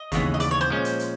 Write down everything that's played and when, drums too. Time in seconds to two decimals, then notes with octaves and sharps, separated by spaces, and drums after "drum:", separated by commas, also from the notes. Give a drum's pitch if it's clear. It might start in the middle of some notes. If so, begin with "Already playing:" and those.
Already playing: D#5
0.12 D#2 C#3 E3 G#3 B3, drum: kick, hi-hat
0.34 D#5
0.40 D5, drum: hi-hat
0.51 C#5
0.61 C5
0.70 A#2 F3 G#3 C#4
0.85 drum: hi-hat
0.99 drum: hi-hat